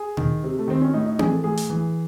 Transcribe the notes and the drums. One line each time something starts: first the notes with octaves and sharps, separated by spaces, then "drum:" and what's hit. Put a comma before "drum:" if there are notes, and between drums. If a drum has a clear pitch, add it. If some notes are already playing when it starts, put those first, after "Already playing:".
Already playing: G#4
D#3, drum: tom A#2
C3
A3
D#3 C4
C#4
A2 D#4
D#4
E3 G#4, drum: tom C4
A4
A2 G#4
drum: hi-hat
E3